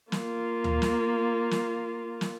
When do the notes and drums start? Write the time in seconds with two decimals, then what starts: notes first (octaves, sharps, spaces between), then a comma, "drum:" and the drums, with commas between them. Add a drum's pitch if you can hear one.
0.12 A#3 F4, drum: snare
0.64 drum: tom
0.82 drum: snare
1.51 drum: snare
2.21 drum: snare